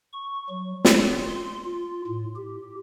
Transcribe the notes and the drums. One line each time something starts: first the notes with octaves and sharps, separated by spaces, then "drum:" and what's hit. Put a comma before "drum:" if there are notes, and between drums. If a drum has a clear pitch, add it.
C#6
F#3
F4, drum: snare
C6
F4
A2
G4